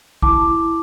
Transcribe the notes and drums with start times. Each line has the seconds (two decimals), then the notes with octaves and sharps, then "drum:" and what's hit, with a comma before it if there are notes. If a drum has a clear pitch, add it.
0.22 E4 A5 D6, drum: kick
0.46 E4